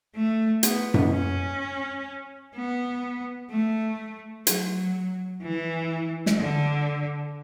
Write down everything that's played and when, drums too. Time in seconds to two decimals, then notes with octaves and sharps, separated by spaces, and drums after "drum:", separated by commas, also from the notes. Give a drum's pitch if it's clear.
0.16 A3
0.63 B3, drum: hi-hat
0.94 drum: tom F#2
1.11 C#4
2.55 B3
3.50 A3
4.47 F#3, drum: hi-hat
5.42 E3
6.26 drum: snare
6.38 D3